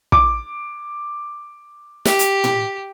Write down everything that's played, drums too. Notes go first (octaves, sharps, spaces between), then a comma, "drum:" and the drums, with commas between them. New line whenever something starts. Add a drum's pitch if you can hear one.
D6, drum: kick
G4, drum: snare
drum: hi-hat
drum: tom A2